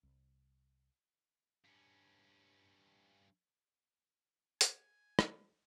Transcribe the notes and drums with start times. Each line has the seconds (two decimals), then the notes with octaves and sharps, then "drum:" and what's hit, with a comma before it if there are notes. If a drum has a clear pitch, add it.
0.03 C2
1.64 G2 C#4
4.61 G#5, drum: hi-hat
5.19 drum: rim click